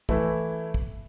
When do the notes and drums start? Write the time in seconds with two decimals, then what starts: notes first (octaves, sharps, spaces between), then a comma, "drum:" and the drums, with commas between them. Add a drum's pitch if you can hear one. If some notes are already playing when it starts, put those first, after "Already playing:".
0.09 E3 A3 E4, drum: kick
0.74 drum: kick